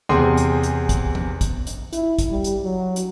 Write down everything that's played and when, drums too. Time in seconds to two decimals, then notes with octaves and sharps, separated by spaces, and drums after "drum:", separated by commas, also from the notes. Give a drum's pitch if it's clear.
0.09 E2 C3 C4 G#4 G#5 C6
0.37 drum: hi-hat
0.63 drum: hi-hat
0.89 drum: kick, hi-hat
1.15 drum: tom
1.41 drum: kick, hi-hat
1.67 drum: hi-hat
1.93 E4, drum: hi-hat
2.18 drum: kick, hi-hat
2.31 G3
2.44 drum: hi-hat
2.64 F#3
2.96 drum: hi-hat